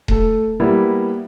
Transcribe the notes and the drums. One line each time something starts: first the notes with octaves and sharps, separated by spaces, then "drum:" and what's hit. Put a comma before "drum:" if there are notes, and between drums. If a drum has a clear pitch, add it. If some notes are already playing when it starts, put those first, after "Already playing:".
A3 A4, drum: kick D#1
G3 A#3 B3 E4